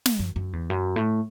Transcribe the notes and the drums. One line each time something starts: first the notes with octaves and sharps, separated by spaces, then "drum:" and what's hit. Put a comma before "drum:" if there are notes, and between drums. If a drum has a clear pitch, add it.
drum: snare
F#2
F#2
E2
F#2
A2